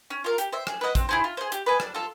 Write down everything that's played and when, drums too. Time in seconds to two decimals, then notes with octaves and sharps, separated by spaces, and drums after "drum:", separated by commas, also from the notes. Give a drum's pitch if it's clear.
0.10 C#4
0.24 F4 A#4
0.38 G4, drum: hi-hat
0.52 C5 E5
0.67 G#4, drum: rim click
0.81 B4 D#5 F#5
0.95 C4, drum: kick, hi-hat
1.09 E4 G#4 C5
1.24 F4
1.37 G#4 C5
1.52 G4, drum: hi-hat
1.66 B4 D#5 G#5
1.80 D4, drum: rim click
1.94 F4 A4